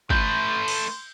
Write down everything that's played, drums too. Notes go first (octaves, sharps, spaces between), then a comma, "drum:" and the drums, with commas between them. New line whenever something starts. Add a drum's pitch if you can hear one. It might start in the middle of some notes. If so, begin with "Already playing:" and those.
A3 B4 C6 G6, drum: kick
drum: cymbal